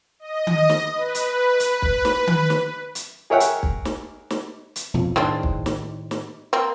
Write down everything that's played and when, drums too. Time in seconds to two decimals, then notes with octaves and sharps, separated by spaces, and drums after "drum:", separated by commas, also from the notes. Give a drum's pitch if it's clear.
0.20 D#5
0.47 drum: tom D#3
0.69 drum: snare
0.92 B4
1.15 drum: hi-hat
1.60 drum: hi-hat
1.82 drum: kick
2.05 drum: snare
2.27 drum: tom D#3
2.50 drum: snare
2.95 drum: hi-hat
3.30 G#4 A#4 C#5 E5 F#5 G5
3.40 drum: hi-hat
3.63 drum: kick
3.85 drum: snare
4.30 drum: snare
4.76 drum: hi-hat
4.94 B1 F2
5.16 A2 D#3 G#3 C4 D4
5.43 drum: kick
5.66 drum: snare
6.11 drum: snare
6.53 A#3 C4